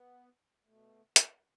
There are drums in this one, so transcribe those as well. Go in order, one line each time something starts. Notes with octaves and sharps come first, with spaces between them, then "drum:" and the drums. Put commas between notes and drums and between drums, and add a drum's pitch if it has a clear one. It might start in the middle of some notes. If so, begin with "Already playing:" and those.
Already playing: B3
B2 A3
B3, drum: hi-hat